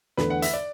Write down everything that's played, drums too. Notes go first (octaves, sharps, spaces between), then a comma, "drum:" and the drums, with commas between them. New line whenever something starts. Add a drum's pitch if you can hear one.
E2 D3 A3 B4, drum: snare
F#5
E5, drum: hi-hat
D5